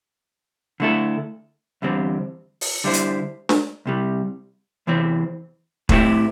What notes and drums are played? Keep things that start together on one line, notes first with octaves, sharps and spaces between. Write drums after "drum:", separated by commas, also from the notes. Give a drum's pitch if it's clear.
D3 A3 E4 A4
E2 D3 G3 C4
drum: open hi-hat
D3 G3 E4 C5
drum: hi-hat
drum: snare D4
C2 C3 G3
E2 C3 E3 C4
A2 A3 C4 E4 G4, drum: kick